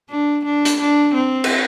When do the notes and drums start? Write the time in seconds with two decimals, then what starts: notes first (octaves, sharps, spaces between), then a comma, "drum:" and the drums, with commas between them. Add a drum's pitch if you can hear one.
0.10 D4
0.45 D4
0.65 drum: hi-hat
0.79 D4
1.14 C4
1.44 drum: cymbal